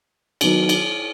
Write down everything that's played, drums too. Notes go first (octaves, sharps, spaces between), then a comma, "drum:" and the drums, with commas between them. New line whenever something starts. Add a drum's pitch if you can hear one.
D#3 F#3 B3 D#4 F#4, drum: cymbal
drum: cymbal